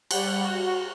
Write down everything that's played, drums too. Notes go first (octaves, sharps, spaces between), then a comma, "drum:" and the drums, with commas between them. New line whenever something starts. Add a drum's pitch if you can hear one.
G3 F#5, drum: cymbal
F#4